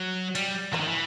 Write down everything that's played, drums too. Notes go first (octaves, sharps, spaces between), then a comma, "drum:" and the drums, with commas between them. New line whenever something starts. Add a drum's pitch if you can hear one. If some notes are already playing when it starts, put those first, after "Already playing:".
Already playing: F#3
G3, drum: cymbal
E3, drum: clap
D#3
E3